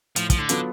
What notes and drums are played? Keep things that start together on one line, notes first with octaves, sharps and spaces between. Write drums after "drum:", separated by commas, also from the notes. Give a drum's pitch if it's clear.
A2 F3, drum: hi-hat
F3, drum: kick, hi-hat
D3
F#3 B3 F4 A4, drum: hi-hat